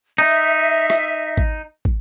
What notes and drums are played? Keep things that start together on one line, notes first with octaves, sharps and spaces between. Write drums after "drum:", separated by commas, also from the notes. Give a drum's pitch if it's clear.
D#4 E5
drum: rim click
drum: kick
drum: kick